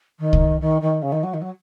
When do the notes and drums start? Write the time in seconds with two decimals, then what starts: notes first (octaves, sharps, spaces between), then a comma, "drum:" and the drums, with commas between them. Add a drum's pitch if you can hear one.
0.19 D#3
0.33 drum: kick C2
0.61 D#3
0.81 D#3
1.02 C#3
1.12 D#3
1.23 F#3
1.33 D#3
1.41 F#3